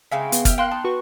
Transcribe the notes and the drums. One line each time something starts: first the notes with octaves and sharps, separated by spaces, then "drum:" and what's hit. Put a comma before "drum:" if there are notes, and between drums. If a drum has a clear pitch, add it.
C#3 G#3 C4 E5 F5
B3, drum: hi-hat
G4 E5 F6, drum: kick, hi-hat
A#3 G5 C6 F#6
D#4 A5
F#4 B4 C#6